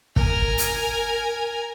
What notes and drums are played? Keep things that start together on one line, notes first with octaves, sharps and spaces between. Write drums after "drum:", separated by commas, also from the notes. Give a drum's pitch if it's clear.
A#4 G#5, drum: kick
drum: hi-hat